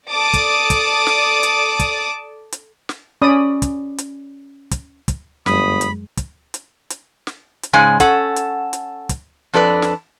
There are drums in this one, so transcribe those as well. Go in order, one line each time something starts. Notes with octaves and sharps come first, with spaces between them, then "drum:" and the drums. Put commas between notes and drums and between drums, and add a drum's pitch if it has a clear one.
A4 D5 A5 D6 D#6
drum: kick, hi-hat
drum: kick, hi-hat
drum: snare
drum: hi-hat
drum: kick, hi-hat
drum: hi-hat
drum: snare
C#4 D5 B5 D#6
drum: kick, hi-hat
drum: hi-hat
drum: kick, hi-hat
drum: kick, hi-hat
G1 F#2 G#3 B5 D#6, drum: snare
drum: hi-hat
drum: kick, hi-hat
drum: hi-hat
drum: hi-hat
drum: snare
drum: hi-hat
G#2 C#3 G#3 G#5
C#4 A4 F#5, drum: kick, hi-hat
drum: hi-hat
drum: hi-hat
drum: kick, hi-hat
F2 D4 A4 B4 D5
drum: snare